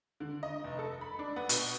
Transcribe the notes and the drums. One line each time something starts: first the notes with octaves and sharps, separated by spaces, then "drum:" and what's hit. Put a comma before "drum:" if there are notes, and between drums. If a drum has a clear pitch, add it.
D3
D#5
F1
A4
B5
D4
B3
B2, drum: hi-hat